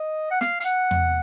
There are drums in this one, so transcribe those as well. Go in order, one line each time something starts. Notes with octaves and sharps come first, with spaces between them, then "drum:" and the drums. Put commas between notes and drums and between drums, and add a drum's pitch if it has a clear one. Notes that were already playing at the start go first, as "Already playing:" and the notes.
Already playing: D#5
F#5
F5, drum: snare
F5, drum: hi-hat
F#5
drum: tom E2